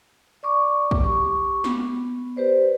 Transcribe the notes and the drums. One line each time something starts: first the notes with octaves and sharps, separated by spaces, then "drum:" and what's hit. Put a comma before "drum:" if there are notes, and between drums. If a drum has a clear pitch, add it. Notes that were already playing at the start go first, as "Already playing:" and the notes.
D5 C#6 D6
drum: kick
G4 C#6 D6
B3, drum: snare
G4 B4 C5 D5